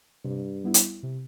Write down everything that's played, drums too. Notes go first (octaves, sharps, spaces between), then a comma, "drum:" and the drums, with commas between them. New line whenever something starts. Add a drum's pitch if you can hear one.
G2 C3
G3 B3 E4
drum: hi-hat
C3